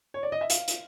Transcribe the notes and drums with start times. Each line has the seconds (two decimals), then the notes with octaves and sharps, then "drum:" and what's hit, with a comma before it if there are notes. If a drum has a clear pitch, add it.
0.14 C#5
0.23 D5
0.32 D#5
0.41 E5
0.50 F5, drum: hi-hat
0.68 drum: hi-hat